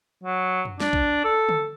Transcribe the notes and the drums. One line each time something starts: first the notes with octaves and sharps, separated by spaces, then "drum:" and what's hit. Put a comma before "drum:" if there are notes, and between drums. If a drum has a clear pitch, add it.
F#3
drum: tom F#2
D4, drum: snare
drum: kick B1
A4
drum: tom D3